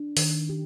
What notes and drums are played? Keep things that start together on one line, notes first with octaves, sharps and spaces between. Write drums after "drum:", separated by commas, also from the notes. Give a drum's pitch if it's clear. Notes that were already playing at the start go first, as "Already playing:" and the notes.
Already playing: D4
D#3, drum: open hi-hat
G4